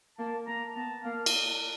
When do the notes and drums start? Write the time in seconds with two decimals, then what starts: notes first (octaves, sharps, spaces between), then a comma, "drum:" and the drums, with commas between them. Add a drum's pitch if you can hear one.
0.18 A#3 A5
0.47 A#3 A#5
0.75 B3 A5
1.04 A#3 F5
1.26 drum: cymbal